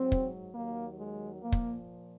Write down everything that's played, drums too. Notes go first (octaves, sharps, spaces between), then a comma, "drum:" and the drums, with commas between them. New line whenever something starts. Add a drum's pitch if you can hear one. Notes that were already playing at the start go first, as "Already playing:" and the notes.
Already playing: G#2 F#3 C4
drum: kick
D#2 D#3 F#3 A#3
G#3
A#2 F3 A#3
drum: kick